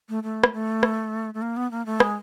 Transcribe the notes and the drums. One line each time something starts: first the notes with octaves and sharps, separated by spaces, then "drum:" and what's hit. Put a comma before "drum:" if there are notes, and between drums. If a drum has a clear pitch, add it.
A3
A3
drum: rim click
A3
drum: rim click
A3
A#3
B3
A#3
A3
G#3, drum: rim click